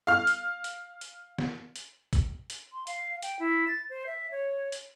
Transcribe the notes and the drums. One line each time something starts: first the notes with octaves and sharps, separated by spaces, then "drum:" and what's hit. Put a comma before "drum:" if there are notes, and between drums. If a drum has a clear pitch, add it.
F5 F6
drum: hi-hat
drum: hi-hat
drum: hi-hat
drum: snare
drum: hi-hat
drum: kick, hi-hat
drum: hi-hat
C6
F5, drum: hi-hat
G5, drum: hi-hat
E4
A6
C5
E5
C#5
drum: hi-hat